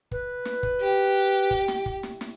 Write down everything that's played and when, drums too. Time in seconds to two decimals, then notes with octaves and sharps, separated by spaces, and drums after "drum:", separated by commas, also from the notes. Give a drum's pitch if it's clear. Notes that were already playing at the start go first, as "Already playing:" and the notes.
0.11 B4, drum: kick
0.45 drum: snare
0.63 drum: kick
0.80 G4
1.51 drum: kick
1.68 drum: snare
1.86 drum: kick
2.03 drum: snare
2.21 drum: snare